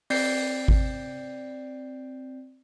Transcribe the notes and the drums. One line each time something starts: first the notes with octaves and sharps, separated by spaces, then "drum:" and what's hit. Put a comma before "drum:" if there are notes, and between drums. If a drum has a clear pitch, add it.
C4 D5 G6 C7, drum: open hi-hat
drum: kick G#1